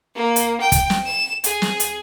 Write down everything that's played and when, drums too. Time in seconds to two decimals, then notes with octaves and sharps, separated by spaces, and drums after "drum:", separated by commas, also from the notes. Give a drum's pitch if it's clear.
0.16 A#3
0.36 drum: hi-hat
0.61 G5
0.72 drum: kick, hi-hat
0.90 drum: snare
1.06 E7
1.44 G#4, drum: hi-hat
1.62 drum: snare
1.80 drum: hi-hat